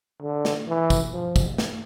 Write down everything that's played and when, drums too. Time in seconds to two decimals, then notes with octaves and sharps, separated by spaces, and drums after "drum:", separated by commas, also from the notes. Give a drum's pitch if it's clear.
0.22 D3
0.45 drum: snare
0.68 E3
0.90 drum: kick, tambourine
1.13 F3
1.36 drum: kick, tambourine
1.58 drum: snare